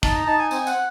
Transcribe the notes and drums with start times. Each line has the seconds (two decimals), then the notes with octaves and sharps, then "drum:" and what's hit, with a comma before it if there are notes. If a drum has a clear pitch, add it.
0.03 D#4 A5, drum: kick, tambourine
0.15 A#5
0.27 D#4 A5
0.39 G#5
0.51 C4 G#5, drum: tambourine
0.67 F#5, drum: tambourine